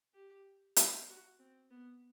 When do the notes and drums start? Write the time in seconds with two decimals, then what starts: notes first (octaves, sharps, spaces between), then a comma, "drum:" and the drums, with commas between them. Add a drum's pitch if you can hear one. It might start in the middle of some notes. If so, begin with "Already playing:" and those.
0.14 G4
0.76 drum: hi-hat
1.09 F#4
1.39 C4
1.70 B3